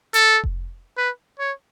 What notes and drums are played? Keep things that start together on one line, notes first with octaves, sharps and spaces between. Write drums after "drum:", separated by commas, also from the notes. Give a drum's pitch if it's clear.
A4, drum: hi-hat
drum: kick F1
B4
C#5